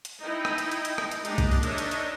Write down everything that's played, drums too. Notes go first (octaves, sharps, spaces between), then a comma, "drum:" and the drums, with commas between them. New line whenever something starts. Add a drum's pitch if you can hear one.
drum: hi-hat
D#4 E4 D#5 G5
drum: rim click
drum: hi-hat
drum: hi-hat
drum: hi-hat
drum: rim click
drum: hi-hat
G#3 A#3 D4 D#4 G4, drum: hi-hat
drum: kick, hi-hat
drum: open hi-hat
D4 D#4 A#4 C#5 D#5 E5, drum: hi-hat
drum: hi-hat
drum: hi-hat